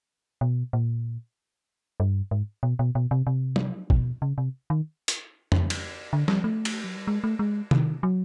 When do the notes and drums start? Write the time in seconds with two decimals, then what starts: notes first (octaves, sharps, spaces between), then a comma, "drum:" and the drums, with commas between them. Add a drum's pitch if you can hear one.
0.41 B2
0.73 A#2
2.00 G2
2.31 G#2
2.63 B2
2.79 B2
2.95 B2
3.11 C3
3.27 C3
3.56 drum: tom
3.90 B2, drum: kick
4.22 C#3
4.38 C3
4.70 D#3
5.08 drum: hi-hat
5.52 drum: tom F2
5.70 drum: cymbal
6.13 D3
6.28 G3, drum: snare
6.44 A3
6.65 drum: cymbal
6.84 F#3
6.96 G3
7.07 G#3
7.24 A3
7.39 G#3
7.71 D#3, drum: tom C3
8.03 F#3